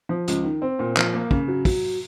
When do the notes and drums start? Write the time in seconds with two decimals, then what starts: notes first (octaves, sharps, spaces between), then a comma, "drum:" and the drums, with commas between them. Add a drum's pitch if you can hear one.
0.09 F3
0.28 C#2, drum: hi-hat
0.44 D#3
0.62 C4
0.79 A#2
0.97 F3, drum: clap
1.14 A#3
1.31 C#3, drum: kick
1.48 F#3
1.65 F#3, drum: kick, open hi-hat